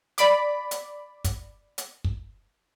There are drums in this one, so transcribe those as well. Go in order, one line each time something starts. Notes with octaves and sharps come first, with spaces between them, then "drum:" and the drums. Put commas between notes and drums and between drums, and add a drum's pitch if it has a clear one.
D5 B5 D6, drum: hi-hat
drum: hi-hat
drum: kick, hi-hat
drum: hi-hat
drum: kick